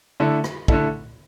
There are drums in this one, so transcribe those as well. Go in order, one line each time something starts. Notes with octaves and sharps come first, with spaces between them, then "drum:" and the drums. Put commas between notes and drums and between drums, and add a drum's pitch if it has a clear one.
D3 A3 E4 A4
drum: rim click
D3 A3 E4 A4, drum: kick